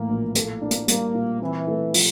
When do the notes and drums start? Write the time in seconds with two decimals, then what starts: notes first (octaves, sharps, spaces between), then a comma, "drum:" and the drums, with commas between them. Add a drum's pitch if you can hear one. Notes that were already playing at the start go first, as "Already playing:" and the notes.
Already playing: A2 E3 A#3
0.09 A#1
0.35 A#3 A4, drum: hi-hat
0.62 D4
0.71 drum: hi-hat
0.88 G3 A#3, drum: hi-hat
1.15 A#2
1.41 E3 C4
1.67 A3
1.94 F3, drum: open hi-hat